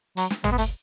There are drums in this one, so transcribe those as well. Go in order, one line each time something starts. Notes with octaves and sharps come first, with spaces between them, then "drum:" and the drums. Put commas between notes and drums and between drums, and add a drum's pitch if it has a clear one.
F#3, drum: hi-hat
drum: snare
G#3, drum: tom
B3
A3, drum: hi-hat